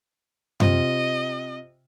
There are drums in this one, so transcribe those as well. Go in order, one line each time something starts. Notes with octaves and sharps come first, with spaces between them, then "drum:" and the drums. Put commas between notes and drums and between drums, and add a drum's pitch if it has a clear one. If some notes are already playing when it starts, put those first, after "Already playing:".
C3 F4 D#5, drum: tom F#2